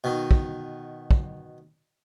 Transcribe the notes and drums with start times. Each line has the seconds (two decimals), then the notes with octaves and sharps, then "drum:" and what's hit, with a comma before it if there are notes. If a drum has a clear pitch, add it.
0.04 B2 D#3
0.31 drum: kick
1.11 drum: kick